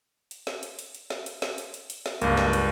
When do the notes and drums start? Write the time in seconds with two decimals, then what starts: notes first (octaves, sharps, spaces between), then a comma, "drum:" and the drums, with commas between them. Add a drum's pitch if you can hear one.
0.31 drum: hi-hat
0.47 drum: snare
0.63 drum: hi-hat
0.79 drum: hi-hat
0.95 drum: hi-hat
1.10 drum: snare
1.26 drum: hi-hat
1.42 drum: snare
1.58 drum: hi-hat
1.74 drum: hi-hat
1.90 drum: hi-hat
2.06 drum: snare
2.22 C#2 G2 A#3, drum: hi-hat
2.37 drum: snare
2.53 drum: hi-hat